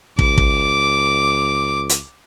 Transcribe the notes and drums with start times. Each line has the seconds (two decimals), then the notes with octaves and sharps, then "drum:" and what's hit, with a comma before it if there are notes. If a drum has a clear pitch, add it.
0.19 C#2 D6, drum: kick
0.38 drum: kick
1.89 drum: hi-hat